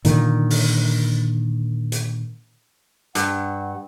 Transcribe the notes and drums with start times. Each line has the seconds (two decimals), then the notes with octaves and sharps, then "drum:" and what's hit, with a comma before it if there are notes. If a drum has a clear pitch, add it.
0.05 A#2 D3 D#3, drum: hi-hat
0.50 drum: open hi-hat
1.92 drum: hi-hat
3.15 G2 F#5, drum: hi-hat